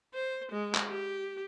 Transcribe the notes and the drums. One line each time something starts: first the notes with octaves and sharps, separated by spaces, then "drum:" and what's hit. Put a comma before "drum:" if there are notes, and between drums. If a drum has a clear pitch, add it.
C5
G#3
drum: clap
G4